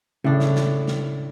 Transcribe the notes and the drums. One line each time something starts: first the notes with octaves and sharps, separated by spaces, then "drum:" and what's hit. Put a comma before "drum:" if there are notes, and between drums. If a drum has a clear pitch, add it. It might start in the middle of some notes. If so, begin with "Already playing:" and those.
A2 C#3 D4
drum: snare
drum: snare
drum: snare